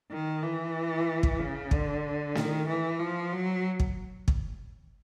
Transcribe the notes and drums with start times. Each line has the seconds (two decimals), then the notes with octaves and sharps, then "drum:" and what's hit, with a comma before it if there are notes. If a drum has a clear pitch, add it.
0.11 D#3
0.43 E3
1.23 drum: kick
1.40 C#3
1.71 D3, drum: kick
2.35 D#3, drum: snare
2.67 E3
2.99 F3
3.32 F#3
3.80 drum: kick
4.28 drum: kick